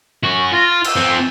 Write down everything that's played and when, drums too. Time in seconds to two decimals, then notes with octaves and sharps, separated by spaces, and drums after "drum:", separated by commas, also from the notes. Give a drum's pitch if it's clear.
0.23 C#4 F#4 C#6
0.53 F4 A#6
0.66 A6
0.84 E6, drum: cymbal
0.97 F3 C4